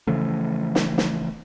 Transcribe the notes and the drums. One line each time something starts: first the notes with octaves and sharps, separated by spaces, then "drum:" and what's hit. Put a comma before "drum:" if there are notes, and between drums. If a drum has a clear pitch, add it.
C#3 E3 F3 A3
drum: snare
drum: snare